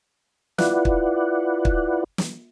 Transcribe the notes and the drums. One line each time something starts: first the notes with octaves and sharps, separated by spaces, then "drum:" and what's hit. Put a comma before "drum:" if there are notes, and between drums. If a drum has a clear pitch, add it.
E4 F4 B4 D5 F#5, drum: snare
drum: kick
drum: kick
drum: snare